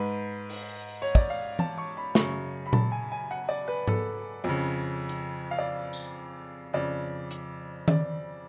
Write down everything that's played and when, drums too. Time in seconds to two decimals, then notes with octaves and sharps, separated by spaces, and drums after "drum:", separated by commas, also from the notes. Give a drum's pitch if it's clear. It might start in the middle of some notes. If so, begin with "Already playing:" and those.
Already playing: G#2 B4
0.50 drum: open hi-hat
1.02 C#5
1.15 D5, drum: kick
1.30 F5
1.59 A5, drum: tom E3
1.78 C#6
1.97 B5
2.15 F#2 C#3 C#6, drum: snare
2.66 B5
2.73 A5, drum: tom A#2
2.92 G#5
3.12 G#5
3.31 F#5
3.49 D5
3.68 B4
3.88 A4, drum: tom G#2
4.44 F2 C#3
5.09 drum: hi-hat
5.51 F5
5.58 D5
5.93 drum: tambourine
6.73 F2 C#3 D5
7.31 drum: hi-hat
7.88 D5, drum: tom D#3